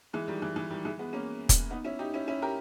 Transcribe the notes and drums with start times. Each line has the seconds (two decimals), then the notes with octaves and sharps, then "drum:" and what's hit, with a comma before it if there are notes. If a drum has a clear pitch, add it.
0.13 E3 G#3
0.28 D#3 G3
0.42 E3
0.56 E3
0.70 D#3 G3
0.85 E3 G#3
0.99 G#3 B3
1.13 A#3 C#4
1.49 drum: kick, hi-hat
1.70 B3 D#4
1.85 C#4 E4
1.99 D#4 G4
2.13 C#4 E4
2.28 C#4 E4
2.42 G4 A#4